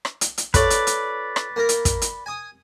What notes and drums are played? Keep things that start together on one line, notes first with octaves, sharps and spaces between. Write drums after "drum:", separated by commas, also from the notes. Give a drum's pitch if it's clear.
drum: rim click
drum: hi-hat
drum: hi-hat
F4 A4 B4 C#5 D5, drum: kick, hi-hat
drum: hi-hat
drum: hi-hat
drum: rim click
A#3 A#4
drum: hi-hat
drum: kick, hi-hat
drum: hi-hat
G#5 D#6